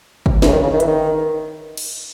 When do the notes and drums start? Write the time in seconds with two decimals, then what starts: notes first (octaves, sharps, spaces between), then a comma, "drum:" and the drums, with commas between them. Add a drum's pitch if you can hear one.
0.26 drum: kick
0.42 E3, drum: snare
0.48 C#3
0.52 D#3
0.63 C#3
0.73 D#3
0.80 E3, drum: hi-hat
0.87 D#3
1.77 drum: cymbal